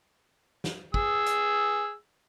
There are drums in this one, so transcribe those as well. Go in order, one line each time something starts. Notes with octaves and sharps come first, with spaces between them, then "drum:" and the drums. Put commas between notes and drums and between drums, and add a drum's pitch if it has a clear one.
drum: snare
G#4 E6, drum: kick
drum: hi-hat